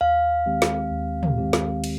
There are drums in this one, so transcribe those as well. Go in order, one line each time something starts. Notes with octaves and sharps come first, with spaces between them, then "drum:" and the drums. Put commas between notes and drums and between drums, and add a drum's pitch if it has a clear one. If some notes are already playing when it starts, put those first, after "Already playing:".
D#2 F5
D#3 G#3 C4 G4
drum: snare
D#2
drum: tom
D#3 G#3 C4 G4
drum: snare
drum: cymbal